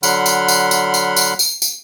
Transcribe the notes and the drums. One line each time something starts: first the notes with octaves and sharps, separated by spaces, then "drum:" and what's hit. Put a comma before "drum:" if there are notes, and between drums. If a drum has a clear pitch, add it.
D3 F#3 F#5 B5 C6 F6, drum: tambourine
drum: tambourine
drum: tambourine
drum: tambourine
drum: tambourine
drum: tambourine
drum: tambourine
drum: tambourine